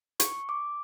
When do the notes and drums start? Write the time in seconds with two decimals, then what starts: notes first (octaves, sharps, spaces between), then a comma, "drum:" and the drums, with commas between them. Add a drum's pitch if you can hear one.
0.20 C#6, drum: hi-hat
0.49 D6